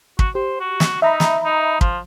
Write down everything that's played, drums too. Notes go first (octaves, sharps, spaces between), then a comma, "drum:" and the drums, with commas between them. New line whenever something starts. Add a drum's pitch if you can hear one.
F#4, drum: kick
G4 C5
F#4
drum: snare
D#4 E5 A#5 B5
drum: snare
D#4
F3, drum: kick